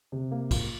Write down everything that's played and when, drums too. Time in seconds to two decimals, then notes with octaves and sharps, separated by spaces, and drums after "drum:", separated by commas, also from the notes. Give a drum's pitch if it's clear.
0.12 C3
0.31 A#3
0.51 F4, drum: kick, cymbal